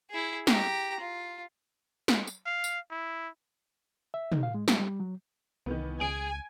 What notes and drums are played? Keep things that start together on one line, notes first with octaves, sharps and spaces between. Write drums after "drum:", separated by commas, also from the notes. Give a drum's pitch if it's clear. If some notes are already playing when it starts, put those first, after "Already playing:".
E4 G#4
G4 A#5, drum: snare
F4
drum: snare
drum: tambourine
F5
drum: tambourine
E4
E5
D#4, drum: tom
F5
G#3
G3, drum: snare
G3
F#3
C2 D#3 E3 B3
C#2 G#4 G#5 D7